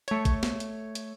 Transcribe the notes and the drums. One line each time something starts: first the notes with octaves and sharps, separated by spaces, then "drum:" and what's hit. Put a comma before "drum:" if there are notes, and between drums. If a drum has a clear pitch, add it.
A3 C#5, drum: hi-hat
drum: kick A1, hi-hat
drum: snare
drum: hi-hat
drum: hi-hat